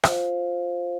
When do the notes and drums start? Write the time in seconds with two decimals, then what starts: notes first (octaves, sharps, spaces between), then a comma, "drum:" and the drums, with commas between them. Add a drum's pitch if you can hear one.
0.04 F4 C5 F5, drum: rim click